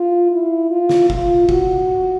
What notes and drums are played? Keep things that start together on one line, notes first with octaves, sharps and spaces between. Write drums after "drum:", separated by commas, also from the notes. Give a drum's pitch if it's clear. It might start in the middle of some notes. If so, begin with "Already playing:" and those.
Already playing: F4
E4
F4
drum: snare
F4, drum: kick
F#4, drum: kick